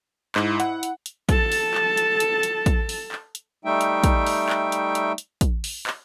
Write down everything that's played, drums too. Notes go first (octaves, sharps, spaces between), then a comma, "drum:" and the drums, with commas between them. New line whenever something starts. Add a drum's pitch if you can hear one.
G#2 E4, drum: clap
F#5, drum: hi-hat
drum: hi-hat
drum: hi-hat
A4 A5, drum: kick, hi-hat
drum: open hi-hat
drum: clap
drum: hi-hat
drum: hi-hat
drum: hi-hat
drum: kick, hi-hat
drum: open hi-hat
drum: clap
drum: hi-hat
G3 A3 D#4 E5 G5
drum: hi-hat
drum: kick, hi-hat
drum: open hi-hat
drum: clap
drum: hi-hat
drum: hi-hat
drum: hi-hat
drum: kick, hi-hat
drum: open hi-hat
drum: clap